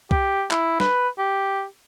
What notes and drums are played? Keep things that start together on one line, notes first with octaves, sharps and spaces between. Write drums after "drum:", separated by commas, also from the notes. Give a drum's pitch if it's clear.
G4, drum: kick
E4, drum: clap
B4, drum: snare
G4